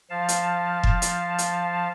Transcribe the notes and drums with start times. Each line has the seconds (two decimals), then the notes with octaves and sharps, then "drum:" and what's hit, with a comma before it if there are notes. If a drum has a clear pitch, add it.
0.10 F3 F5 A5
0.29 drum: hi-hat
0.83 drum: kick F1
1.02 drum: hi-hat
1.38 drum: hi-hat